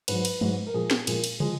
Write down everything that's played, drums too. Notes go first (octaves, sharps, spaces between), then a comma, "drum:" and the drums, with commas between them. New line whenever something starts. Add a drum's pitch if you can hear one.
G#2 F#3 B4, drum: cymbal
drum: cymbal
G#2 F#3, drum: tom G#3
A#4
A#2 F3 G#3 G#4
drum: snare
A#2 F3 G#3, drum: cymbal
drum: cymbal
F3 G#3, drum: tom